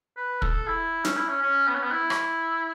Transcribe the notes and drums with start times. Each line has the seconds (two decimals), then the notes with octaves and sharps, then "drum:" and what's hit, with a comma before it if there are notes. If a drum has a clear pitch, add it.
0.17 B4
0.42 A4, drum: kick
0.67 E4
1.05 C#4, drum: snare
1.17 E4
1.28 C#4
1.42 C#4
1.68 B3
1.75 C#4
1.83 B3
1.92 E4
2.10 drum: rim click